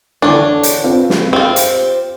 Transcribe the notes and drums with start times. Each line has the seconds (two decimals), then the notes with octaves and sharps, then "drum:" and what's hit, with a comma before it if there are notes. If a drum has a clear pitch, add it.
0.22 D3 E3 C#4 D4
0.63 drum: hi-hat
0.84 C4 F4 B4
1.10 drum: snare
1.33 C4 F4 G4
1.56 drum: hi-hat